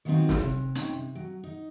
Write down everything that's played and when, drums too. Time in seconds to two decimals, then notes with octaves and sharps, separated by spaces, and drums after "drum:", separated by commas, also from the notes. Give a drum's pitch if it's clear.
0.05 D#3 F3 F#3 B3 C4 D#4
0.29 drum: snare
0.41 C3
0.75 C4 C#4 D#4 G5, drum: hi-hat
0.93 C3
1.15 F#3
1.44 D#4